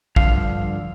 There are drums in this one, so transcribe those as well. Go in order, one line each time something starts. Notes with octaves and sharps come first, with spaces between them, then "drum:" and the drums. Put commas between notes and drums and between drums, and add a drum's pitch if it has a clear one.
G2 D3 F3 F5, drum: kick